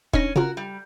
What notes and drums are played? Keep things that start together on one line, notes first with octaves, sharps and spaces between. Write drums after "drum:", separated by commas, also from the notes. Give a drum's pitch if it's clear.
C#4 D#4 A#6, drum: kick
C#3 F4 F#4 A#4
G3